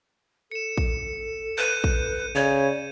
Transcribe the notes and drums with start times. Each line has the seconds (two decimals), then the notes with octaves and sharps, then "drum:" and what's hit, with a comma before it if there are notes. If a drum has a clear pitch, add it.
0.52 A4 C#7 E7
0.77 drum: kick
1.58 B4 G6 D#7
1.84 drum: kick
2.35 C#3 C#5 D5